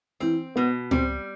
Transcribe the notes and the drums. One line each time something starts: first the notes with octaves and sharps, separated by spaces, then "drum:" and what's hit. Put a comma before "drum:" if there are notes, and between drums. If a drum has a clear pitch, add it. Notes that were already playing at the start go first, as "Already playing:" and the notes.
E3 C4
B2 B3
G3 C4, drum: tom C#2